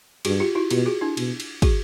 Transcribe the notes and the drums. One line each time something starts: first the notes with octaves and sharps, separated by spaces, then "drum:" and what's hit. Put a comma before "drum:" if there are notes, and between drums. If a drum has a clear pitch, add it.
G2 F#4 G#4, drum: cymbal
F4 G4
E4 F#4
B2 F4 G4, drum: cymbal
F#4 G#4
D4 E4
B2, drum: cymbal
drum: cymbal
F#4 G#4, drum: kick, cymbal